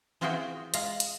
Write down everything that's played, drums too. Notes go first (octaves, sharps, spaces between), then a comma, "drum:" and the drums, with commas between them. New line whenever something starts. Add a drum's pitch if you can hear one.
E3 C4 F4 F#4 G#4 G5
G#3 F4 F5 A#5, drum: hi-hat
drum: hi-hat